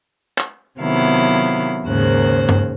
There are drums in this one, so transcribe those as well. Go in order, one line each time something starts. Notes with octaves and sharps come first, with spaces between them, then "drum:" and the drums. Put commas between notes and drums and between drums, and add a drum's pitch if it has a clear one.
drum: clap
C3 D#3 F#3 B3 E4 F5
D#2 G#2 C#3 A#4 C5 F#6
drum: tom G2